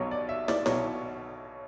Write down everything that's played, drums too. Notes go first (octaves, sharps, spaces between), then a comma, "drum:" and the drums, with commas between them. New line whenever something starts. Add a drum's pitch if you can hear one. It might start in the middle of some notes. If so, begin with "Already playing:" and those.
Already playing: B1 B2 F#3 C#5
D5
E5
D5, drum: snare
B1 B2 F#3 C#5, drum: snare